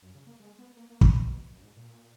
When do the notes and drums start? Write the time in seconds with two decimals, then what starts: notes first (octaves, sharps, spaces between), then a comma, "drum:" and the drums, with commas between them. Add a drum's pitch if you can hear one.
0.02 F#2
0.15 C#3
0.27 A#3
0.40 G#3
0.58 B3
0.77 A#3
0.90 A#3
1.01 G#3, drum: kick
1.13 B2
1.51 F#2
1.63 G#2
1.77 A#2